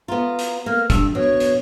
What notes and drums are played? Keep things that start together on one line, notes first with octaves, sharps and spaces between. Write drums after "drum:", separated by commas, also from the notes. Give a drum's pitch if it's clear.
B3 F4 A#5
drum: hi-hat
A#3 F6
G2 E6, drum: kick, hi-hat
B2 C#5
drum: hi-hat